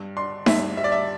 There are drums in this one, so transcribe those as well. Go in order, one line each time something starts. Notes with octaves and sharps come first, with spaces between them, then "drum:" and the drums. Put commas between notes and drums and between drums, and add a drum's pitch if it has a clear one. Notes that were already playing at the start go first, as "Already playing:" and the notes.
Already playing: G2
D4 C6
G2 E5, drum: snare D#4
G3 E5
D5
E5